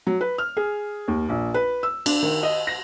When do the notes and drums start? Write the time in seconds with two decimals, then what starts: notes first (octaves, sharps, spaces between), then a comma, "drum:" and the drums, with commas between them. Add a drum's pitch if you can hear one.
0.07 F#3
0.21 B4
0.38 F6
0.57 G#4
1.08 D#2
1.29 A#1
1.54 B4
1.83 E6
2.06 D4, drum: cymbal
2.22 D#3
2.43 D#5
2.67 A#6